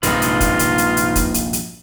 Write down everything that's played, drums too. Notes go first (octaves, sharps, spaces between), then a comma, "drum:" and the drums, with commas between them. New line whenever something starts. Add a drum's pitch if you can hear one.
A#1 G2 C3 D#4 F4 G#4 B4, drum: hi-hat
drum: hi-hat
drum: kick, hi-hat
drum: hi-hat
drum: hi-hat
drum: hi-hat
drum: kick, hi-hat
drum: hi-hat
drum: hi-hat